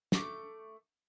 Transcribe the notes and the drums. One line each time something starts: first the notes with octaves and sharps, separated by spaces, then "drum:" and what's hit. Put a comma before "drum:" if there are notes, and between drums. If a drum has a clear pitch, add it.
A3 D6, drum: snare